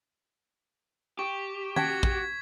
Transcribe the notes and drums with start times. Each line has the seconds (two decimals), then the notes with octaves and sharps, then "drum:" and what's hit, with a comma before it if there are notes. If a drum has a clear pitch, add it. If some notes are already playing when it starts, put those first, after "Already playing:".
1.19 G4 C#6
1.76 C#4 F#4 G5 A5 G#6 B6, drum: tom D#3
2.03 drum: kick